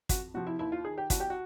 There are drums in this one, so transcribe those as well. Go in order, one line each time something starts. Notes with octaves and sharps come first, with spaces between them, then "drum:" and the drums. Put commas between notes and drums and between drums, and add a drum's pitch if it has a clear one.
F2 F#4, drum: kick, hi-hat
C3 F3 F#4
E4
D#2 E4
F4
D#3 G#4
G4
C2 F#4, drum: kick, hi-hat
G4
F#4